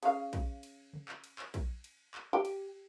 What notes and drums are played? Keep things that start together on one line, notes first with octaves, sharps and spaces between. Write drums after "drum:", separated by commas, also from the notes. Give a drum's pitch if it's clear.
C#3 F5, drum: cymbal
drum: kick A#1, cymbal
drum: cymbal
drum: tom C#3
drum: clap
drum: cymbal
drum: clap
drum: kick A#1, cymbal
drum: cymbal
drum: clap
G4
drum: cymbal